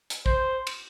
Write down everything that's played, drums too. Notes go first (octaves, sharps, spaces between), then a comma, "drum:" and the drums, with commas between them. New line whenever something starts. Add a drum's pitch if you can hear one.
drum: hi-hat
C5, drum: kick
drum: cymbal